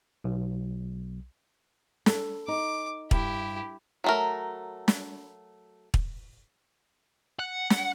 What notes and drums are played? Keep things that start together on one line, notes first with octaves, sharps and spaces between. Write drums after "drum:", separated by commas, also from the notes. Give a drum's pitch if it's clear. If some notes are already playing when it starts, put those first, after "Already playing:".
B1
A4, drum: snare
D#4 D6
G2 E4 G4, drum: kick
F#3 A3 A#4
drum: snare
drum: kick
F#5
drum: snare